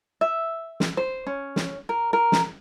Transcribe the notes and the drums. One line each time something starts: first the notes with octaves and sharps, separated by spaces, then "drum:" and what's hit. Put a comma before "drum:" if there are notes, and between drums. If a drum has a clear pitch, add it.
E5
drum: snare
C5
C#4
drum: snare
A#4
A#4
drum: snare